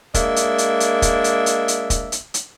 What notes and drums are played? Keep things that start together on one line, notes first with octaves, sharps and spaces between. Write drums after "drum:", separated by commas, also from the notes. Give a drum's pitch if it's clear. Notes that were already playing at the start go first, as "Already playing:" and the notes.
G#3 A#3 D4 D#5 E5, drum: kick, hi-hat
drum: hi-hat
drum: hi-hat
drum: hi-hat
drum: kick, hi-hat
drum: hi-hat
drum: hi-hat
drum: hi-hat
drum: kick, hi-hat
drum: hi-hat
drum: hi-hat